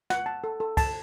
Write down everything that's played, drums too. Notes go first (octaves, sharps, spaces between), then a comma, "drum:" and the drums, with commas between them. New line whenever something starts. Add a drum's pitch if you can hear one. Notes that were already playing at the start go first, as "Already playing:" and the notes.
F#5, drum: snare
A5
A4
A4
A5, drum: kick, cymbal